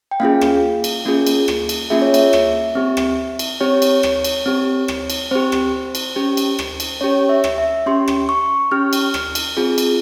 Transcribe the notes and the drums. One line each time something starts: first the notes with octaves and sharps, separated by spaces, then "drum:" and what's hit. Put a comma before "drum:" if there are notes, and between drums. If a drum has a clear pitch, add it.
G5
A#3 C#4 F4 G#4 F5
drum: rim click
drum: cymbal
A#3 C#4 F4 G#4
drum: cymbal
drum: rim click
drum: cymbal
A#3 C#4 F4 G#4 E5
C#5
E5, drum: cymbal
drum: rim click
C4 G4
drum: rim click
drum: cymbal
C4 G4 C#5
drum: cymbal
drum: rim click
drum: cymbal
C4 G4
drum: rim click
drum: cymbal
C4 G4 C5
drum: rim click
drum: cymbal
C#4 G4
drum: cymbal
drum: rim click
drum: cymbal
C#4 G4 C#5
E5
drum: rim click
E5
C#4 G4 C6
drum: rim click
C#6
C#4 G4 F6
drum: cymbal
drum: rim click
drum: cymbal
C4 F4 G#4
drum: cymbal